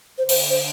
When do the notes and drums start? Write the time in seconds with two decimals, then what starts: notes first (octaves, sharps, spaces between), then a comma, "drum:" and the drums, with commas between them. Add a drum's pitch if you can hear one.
0.18 D3 C5
0.29 C5, drum: open hi-hat
0.50 C5